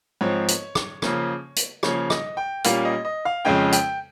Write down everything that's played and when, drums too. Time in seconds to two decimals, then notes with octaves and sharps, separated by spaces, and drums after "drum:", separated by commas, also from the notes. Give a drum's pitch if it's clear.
0.21 G#2 F3 C4 C#5
0.48 drum: hi-hat
0.75 drum: rim click
1.02 C#3 F3 A#3 C#4, drum: rim click
1.56 drum: hi-hat
1.83 C#3 F3 A#3 C#5, drum: rim click
2.10 D#5, drum: rim click
2.37 G5
2.64 A#2 G3 A#3 C#4 F5, drum: hi-hat
2.85 D#5
3.05 D#5
3.25 F5
3.45 F2 C#3 G#3 C#4 G5
3.72 G5, drum: hi-hat